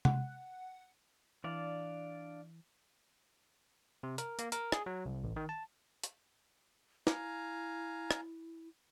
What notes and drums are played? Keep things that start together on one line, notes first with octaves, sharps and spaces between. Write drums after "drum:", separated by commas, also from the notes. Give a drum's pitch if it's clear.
F#5, drum: tom C3
E3 D4 D5 F5
C3
A#4, drum: hi-hat
A#3, drum: hi-hat
A#4, drum: hi-hat
G#4, drum: rim click
F#3
C2
A1
D#3
A5
drum: hi-hat
E4 F5 G#5 A#5, drum: snare
drum: rim click